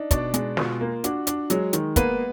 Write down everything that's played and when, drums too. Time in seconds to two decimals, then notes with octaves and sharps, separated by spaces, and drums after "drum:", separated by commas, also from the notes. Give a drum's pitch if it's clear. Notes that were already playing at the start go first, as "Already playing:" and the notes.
Already playing: D4 D#4
0.11 B2 D4 D5, drum: kick, hi-hat
0.34 G#3, drum: hi-hat
0.57 B2 F4, drum: snare
0.81 A#3
1.04 D4 F#4, drum: hi-hat
1.27 D4, drum: hi-hat
1.50 F#3 G#3 G#4, drum: hi-hat
1.73 D#3, drum: hi-hat
1.96 A#3 B3 B4, drum: kick, hi-hat